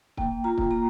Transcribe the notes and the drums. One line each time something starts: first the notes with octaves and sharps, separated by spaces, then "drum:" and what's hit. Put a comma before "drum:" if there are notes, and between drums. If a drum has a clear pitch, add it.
A#3 G5, drum: kick
F4 A#5
drum: kick
A#3 A#5